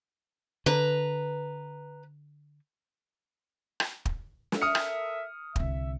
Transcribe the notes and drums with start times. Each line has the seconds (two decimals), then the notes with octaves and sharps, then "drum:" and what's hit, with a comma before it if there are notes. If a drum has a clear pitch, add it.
0.66 D3 B4 A#5
3.80 drum: rim click
4.05 drum: kick
4.52 drum: snare
4.62 A4 A#4 E5 D#6 F6 C#7
4.75 drum: rim click
5.56 C2 D3 E5, drum: kick